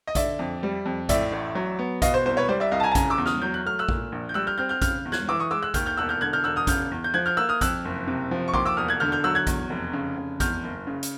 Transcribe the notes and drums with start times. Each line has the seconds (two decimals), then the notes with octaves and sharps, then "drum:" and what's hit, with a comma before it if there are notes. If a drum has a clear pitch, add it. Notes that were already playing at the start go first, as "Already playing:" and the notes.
0.07 D#5
0.15 D3 D5 E5, drum: kick A#1, hi-hat
0.39 F2
0.63 G3
0.86 F2
1.09 A2 D5 E5, drum: kick A#1, hi-hat
1.32 A1
1.55 F#3
1.79 B3
2.02 B2 D#5 F5, drum: kick A#1, hi-hat
2.14 C5
2.26 C2 C5
2.37 B4 C#5
2.48 G3 C5 D5
2.60 D5 E5
2.71 C2 D#5 F5
2.80 A5
2.83 G#5 A#5
2.92 A5
2.95 C#3 G#5 A#5, drum: kick A#1, hi-hat
3.10 D6 E6
3.18 E2
3.26 D#6 F6, drum: snare
3.42 F#3 G6
3.54 F#6
3.65 A3 F6
3.79 E6 F#6
3.89 A#2, drum: kick A#1
4.12 A#1
4.29 G6
4.34 G3 E6 F#6
4.47 F6 G6
4.58 C4 F6 G6
4.69 F6 G6
4.82 C#3 F6 G6, drum: kick A#1, hi-hat
5.05 E2
5.12 F#6 G#6, drum: snare
5.28 E3 D6 E6
5.39 C#6 D#6
5.51 G#3 D6 E6
5.62 E6 F#6
5.74 D#2 F6 G6, drum: kick A#1, hi-hat
5.86 F6 G6
5.97 E1 E6 F#6
6.09 F6 G6
6.21 D3 F#6 G#6
6.33 F6 G6
6.44 E1 E6 F#6
6.56 D#6 F6
6.67 C#3 F6 G6, drum: kick A#1, hi-hat
6.91 E2
7.04 G6
7.14 F3 F#6 G#6
7.26 F6 G6
7.37 A#3 E6 F#6
7.49 D#6 F6
7.61 F2 E6 F#6, drum: kick A#1, hi-hat
7.85 F#1
8.07 C3
8.31 F3
8.48 C#6
8.54 D#2 C6 D6, drum: kick A#1
8.66 D6 E6
8.77 E1 D#6 F6
8.89 F#6 G#6
9.00 D3 F6 G6
9.12 F6 G6
9.24 F#3 E6 F#6
9.35 F#6 G#6
9.47 E2, drum: kick A#1, hi-hat
9.70 F1
9.93 C#3
10.17 F1
10.40 E2 F6 G6, drum: kick A#1, hi-hat
10.63 F#1
10.87 C#3
11.03 drum: hi-hat